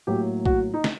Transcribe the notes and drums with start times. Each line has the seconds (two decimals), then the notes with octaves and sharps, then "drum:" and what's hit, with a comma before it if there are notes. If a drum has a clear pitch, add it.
0.07 A2 F#3 A#3 G4
0.46 F#4, drum: kick A#1
0.74 D#4
0.84 drum: snare